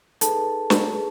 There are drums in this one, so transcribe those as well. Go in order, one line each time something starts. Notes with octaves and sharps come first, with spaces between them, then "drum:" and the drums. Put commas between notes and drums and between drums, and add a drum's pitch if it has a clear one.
D#4 G#4 A4 B4 A5, drum: hi-hat
drum: snare
G#4 B4